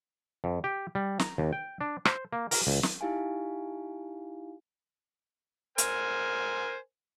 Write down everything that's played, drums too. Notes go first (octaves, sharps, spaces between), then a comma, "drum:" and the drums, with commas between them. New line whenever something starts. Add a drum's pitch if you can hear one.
F2
G4
G3
A#5, drum: snare
D#2
G5
D4
C5, drum: rim click
A#3
A#4, drum: open hi-hat
C#2
drum: snare
D#4 E4 G4 F5 G#5
A#4 C5 G#5, drum: hi-hat